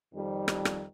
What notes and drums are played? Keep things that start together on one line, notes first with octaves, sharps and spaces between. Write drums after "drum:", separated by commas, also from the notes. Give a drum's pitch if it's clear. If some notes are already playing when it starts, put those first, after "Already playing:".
F2 D#3 G3
drum: rim click
drum: rim click